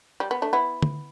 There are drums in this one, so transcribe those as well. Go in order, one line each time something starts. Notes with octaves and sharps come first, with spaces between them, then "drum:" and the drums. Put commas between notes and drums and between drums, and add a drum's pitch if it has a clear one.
G3
B3
A3 D4
B3 E4
drum: tom